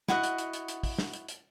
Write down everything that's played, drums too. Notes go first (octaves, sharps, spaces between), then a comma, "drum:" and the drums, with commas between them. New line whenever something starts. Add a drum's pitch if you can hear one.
E4 F#4 D#5 F#5, drum: snare
drum: hi-hat
drum: hi-hat
drum: hi-hat
drum: hi-hat
drum: kick, open hi-hat
drum: snare
drum: hi-hat
drum: hi-hat